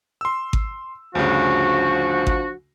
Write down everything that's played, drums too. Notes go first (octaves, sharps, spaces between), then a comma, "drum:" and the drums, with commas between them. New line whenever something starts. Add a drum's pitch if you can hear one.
C6 E6
drum: kick G#1
D2 G2 C#3 F3 D4 F#4
drum: kick G#1